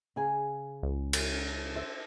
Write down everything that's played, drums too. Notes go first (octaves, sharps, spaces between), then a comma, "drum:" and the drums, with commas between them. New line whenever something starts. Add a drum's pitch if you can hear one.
C#3 G#4 G#5
C#2
drum: cymbal
C5 E5